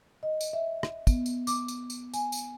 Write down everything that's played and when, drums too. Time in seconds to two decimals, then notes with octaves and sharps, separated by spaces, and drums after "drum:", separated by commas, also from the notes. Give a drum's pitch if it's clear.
0.23 D#5
0.41 drum: tambourine
0.53 E5
0.83 drum: rim click
1.07 B3, drum: kick, tambourine
1.26 drum: tambourine
1.47 D6, drum: tambourine
1.68 drum: tambourine
1.90 drum: tambourine
2.14 G#5, drum: tambourine
2.32 drum: tambourine